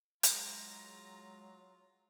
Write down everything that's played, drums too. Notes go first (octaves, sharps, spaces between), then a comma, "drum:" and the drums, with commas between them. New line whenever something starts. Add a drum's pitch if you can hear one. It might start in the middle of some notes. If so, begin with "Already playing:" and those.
F#3 G#3 F4 A#5, drum: hi-hat